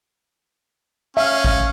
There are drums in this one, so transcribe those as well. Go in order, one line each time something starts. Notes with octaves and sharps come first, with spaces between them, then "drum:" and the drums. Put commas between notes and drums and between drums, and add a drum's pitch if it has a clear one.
C#4 E5 F5
drum: kick G#1